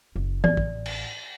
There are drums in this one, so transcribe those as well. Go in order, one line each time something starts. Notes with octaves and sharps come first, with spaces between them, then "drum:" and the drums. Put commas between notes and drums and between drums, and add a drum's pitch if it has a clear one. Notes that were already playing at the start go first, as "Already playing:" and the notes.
F#1
A1 D5, drum: tom E3
drum: kick
drum: cymbal